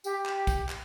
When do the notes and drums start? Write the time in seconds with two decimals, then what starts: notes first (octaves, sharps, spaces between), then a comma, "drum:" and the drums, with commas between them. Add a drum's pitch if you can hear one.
0.04 G4, drum: tambourine
0.26 drum: clap
0.47 drum: kick, tambourine
0.69 drum: clap